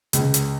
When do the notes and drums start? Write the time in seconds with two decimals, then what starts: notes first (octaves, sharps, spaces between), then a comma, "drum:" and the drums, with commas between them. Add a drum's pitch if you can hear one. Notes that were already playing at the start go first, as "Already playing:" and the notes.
0.13 C#2, drum: hi-hat
0.34 drum: hi-hat